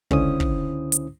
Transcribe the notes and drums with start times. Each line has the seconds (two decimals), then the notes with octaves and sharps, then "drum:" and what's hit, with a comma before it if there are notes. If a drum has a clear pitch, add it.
0.11 C#2 D3 C#4 E4 C5 D#6, drum: kick
0.40 drum: kick
0.92 drum: hi-hat